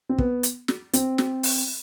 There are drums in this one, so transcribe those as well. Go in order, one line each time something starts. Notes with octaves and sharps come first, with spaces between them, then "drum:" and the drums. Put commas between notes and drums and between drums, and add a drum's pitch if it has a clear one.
C4
B3, drum: kick
drum: hi-hat
drum: snare
C4, drum: hi-hat
drum: snare
drum: open hi-hat